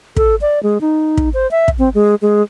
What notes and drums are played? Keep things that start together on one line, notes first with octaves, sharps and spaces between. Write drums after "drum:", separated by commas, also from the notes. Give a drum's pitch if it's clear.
A4, drum: kick
D5
G#3
D#4
drum: kick
C5
E5
drum: kick
C4
G#3
G#3